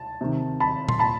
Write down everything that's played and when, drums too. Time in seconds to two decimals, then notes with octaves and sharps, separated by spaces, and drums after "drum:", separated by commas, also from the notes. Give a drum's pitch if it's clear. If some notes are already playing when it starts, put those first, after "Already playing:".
Already playing: A5
0.21 C3 D#3
0.60 A5 B5
0.89 C6, drum: tom A#2
0.99 A#2 A5 B5